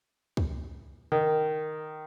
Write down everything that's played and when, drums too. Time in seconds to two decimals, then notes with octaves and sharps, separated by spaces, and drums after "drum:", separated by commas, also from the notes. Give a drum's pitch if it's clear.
0.37 drum: kick
1.12 D#3, drum: tom C3